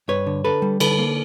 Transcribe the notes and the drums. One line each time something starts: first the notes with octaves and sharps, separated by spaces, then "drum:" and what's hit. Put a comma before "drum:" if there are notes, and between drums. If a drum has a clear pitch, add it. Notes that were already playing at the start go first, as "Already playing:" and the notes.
G2 B4 C#5
D3
D3 A4 B4
G3
D3 A4 B4, drum: cymbal
A#3